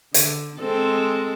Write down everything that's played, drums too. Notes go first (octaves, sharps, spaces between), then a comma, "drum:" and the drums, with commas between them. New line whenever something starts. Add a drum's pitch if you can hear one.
D3, drum: hi-hat
G#3 C4 A4